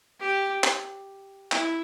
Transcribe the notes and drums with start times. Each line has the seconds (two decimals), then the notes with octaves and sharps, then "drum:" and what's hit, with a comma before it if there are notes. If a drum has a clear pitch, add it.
0.20 G4
0.64 drum: clap
1.52 E4, drum: clap